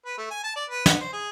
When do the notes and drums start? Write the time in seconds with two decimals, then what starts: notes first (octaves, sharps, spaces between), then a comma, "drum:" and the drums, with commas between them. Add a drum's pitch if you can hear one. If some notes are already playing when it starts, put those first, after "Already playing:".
0.05 B4
0.18 A3
0.31 G#5
0.43 A5
0.56 D5
0.70 B4
0.86 B3, drum: snare
1.00 C5
1.13 G#4